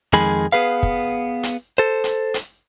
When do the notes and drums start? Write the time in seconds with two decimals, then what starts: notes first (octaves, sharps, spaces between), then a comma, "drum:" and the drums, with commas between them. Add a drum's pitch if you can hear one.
0.13 F2 D#3 G#3 G#4 B5
0.52 B3 G#4 B4 F5
0.83 drum: kick
1.43 drum: hi-hat
1.78 A4 C5
2.04 drum: hi-hat
2.34 drum: hi-hat